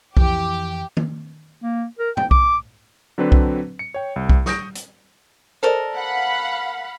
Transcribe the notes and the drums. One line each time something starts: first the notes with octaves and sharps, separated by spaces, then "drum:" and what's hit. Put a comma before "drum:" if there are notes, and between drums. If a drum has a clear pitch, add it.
F2 E3 G4, drum: kick B1
drum: tom D#3
A#3
A#4
G5, drum: tom
D6, drum: kick B1
D3 F#3 C4 D4 B4
drum: kick B1
C#7
C#5 G5
C2
drum: kick B1
C#6 D#6 G6 A#6 D7, drum: snare
drum: hi-hat
A4 A#4 C5 D5 D#5
F5 F#5 B5